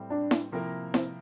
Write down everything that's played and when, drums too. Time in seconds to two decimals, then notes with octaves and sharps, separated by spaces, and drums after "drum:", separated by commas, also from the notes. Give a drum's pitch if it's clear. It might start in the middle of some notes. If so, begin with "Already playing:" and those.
Already playing: A2 G3 C4 E4
0.10 D4
0.31 drum: snare E4
0.52 C3 F3 A#3 E4 A#4
0.94 C4, drum: snare E4